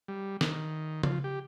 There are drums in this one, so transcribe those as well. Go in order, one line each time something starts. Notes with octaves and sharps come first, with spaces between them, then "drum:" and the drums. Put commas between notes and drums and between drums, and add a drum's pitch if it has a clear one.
G3
D#3, drum: snare
F3, drum: tom C#3
G4